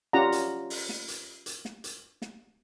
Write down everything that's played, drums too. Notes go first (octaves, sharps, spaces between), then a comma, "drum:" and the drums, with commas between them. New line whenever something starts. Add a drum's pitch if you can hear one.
C#4 F4 G4 D5 F#5 A#5
drum: hi-hat
drum: open hi-hat
drum: snare
drum: hi-hat
drum: hi-hat
drum: snare
drum: hi-hat
drum: snare